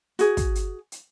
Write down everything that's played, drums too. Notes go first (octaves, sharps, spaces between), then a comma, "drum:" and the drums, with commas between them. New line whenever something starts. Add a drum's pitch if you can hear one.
F#4 G#4, drum: hi-hat
drum: kick, hi-hat
drum: hi-hat
drum: hi-hat